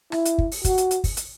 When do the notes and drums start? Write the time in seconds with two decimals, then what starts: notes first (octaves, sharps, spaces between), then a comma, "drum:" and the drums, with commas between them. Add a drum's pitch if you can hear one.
0.12 E4, drum: rim click
0.25 drum: hi-hat
0.38 drum: kick
0.51 drum: open hi-hat
0.65 F#4, drum: kick, hi-hat
0.78 drum: hi-hat
0.91 drum: hi-hat
1.04 drum: kick, open hi-hat
1.17 drum: hi-hat